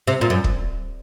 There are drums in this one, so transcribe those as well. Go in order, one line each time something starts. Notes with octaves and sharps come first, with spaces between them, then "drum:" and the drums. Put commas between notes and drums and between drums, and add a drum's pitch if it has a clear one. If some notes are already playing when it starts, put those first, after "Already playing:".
C3
A#2
F#2
drum: kick